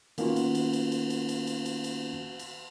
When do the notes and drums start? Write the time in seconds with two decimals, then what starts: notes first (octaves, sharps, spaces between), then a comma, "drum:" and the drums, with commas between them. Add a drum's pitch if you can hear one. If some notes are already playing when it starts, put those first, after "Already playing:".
0.18 D#3 A#3 B3 C#4 F4 F#4, drum: cymbal
0.36 drum: cymbal
0.55 drum: cymbal
0.73 drum: cymbal
0.92 drum: cymbal
1.10 drum: cymbal
1.29 drum: cymbal
1.47 drum: cymbal
1.66 drum: cymbal
1.84 drum: cymbal
2.39 drum: cymbal